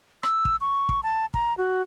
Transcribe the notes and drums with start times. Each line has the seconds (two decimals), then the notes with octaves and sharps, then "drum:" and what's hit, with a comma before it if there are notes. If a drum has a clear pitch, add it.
0.23 E6, drum: rim click
0.45 drum: kick
0.61 C#6
0.89 drum: kick
1.03 A5
1.34 A#5, drum: kick
1.58 F#4